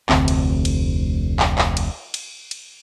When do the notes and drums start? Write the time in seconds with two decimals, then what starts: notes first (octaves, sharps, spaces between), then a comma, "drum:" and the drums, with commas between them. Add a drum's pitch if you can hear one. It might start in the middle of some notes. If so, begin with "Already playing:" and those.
0.09 F1 D2 C4, drum: clap
0.28 drum: cymbal
0.65 drum: cymbal
1.40 drum: clap
1.58 drum: clap
1.77 drum: cymbal
2.14 drum: cymbal
2.51 drum: cymbal